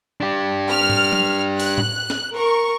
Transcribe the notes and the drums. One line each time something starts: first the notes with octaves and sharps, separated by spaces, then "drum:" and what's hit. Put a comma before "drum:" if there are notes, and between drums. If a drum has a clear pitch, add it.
D4 G4
F6
drum: tom G#2
drum: tom F#3
F#6, drum: open hi-hat
drum: tom A2
drum: snare
A#4 C#6